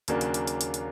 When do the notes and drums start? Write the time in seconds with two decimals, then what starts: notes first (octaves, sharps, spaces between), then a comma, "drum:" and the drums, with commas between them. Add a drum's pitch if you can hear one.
0.08 D#2 C#3 F#3 A#3 D4, drum: hi-hat
0.21 drum: hi-hat
0.34 drum: hi-hat
0.47 drum: hi-hat
0.61 drum: hi-hat
0.74 drum: hi-hat